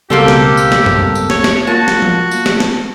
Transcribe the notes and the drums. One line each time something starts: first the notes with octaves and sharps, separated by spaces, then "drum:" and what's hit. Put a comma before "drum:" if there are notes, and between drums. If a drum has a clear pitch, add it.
C#2 B2 G3 A#3 C4 G4 A4
drum: snare
drum: tambourine
drum: snare
drum: tom F#2
drum: tambourine
C#5, drum: snare
drum: snare
A#3 F4 F#4 A5
drum: snare
drum: tom F3
drum: tambourine
drum: snare
drum: snare